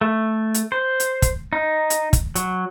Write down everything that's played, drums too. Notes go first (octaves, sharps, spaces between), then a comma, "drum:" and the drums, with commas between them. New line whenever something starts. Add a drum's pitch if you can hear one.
A3
drum: hi-hat
C5
drum: hi-hat
drum: kick, hi-hat
D#4
drum: hi-hat
drum: kick, hi-hat
F#3, drum: hi-hat